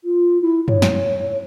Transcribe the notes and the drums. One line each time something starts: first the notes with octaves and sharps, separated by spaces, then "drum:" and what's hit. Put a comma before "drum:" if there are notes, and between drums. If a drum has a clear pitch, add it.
F4
E4
C#5, drum: tom
drum: snare